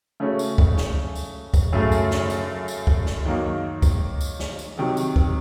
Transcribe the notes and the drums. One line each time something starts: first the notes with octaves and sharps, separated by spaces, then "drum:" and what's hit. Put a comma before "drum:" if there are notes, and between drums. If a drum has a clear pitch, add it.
C#3 A3 C#4 F#4
drum: tambourine
drum: kick
drum: snare
drum: tambourine
drum: kick, tambourine
F#2 C#3 A3
drum: tambourine
drum: snare
drum: tambourine
drum: tambourine
drum: kick
drum: snare
D#3 F#3 A#3 D#4
drum: kick, tambourine
drum: tambourine
drum: snare
drum: tambourine
C3 D#3 F#3
drum: tambourine
drum: kick